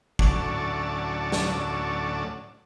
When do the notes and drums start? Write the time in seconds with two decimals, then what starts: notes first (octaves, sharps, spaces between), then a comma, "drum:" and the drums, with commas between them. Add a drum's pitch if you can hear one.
0.19 D2 A2 F#3 C#4 D5 A5, drum: kick
1.32 drum: snare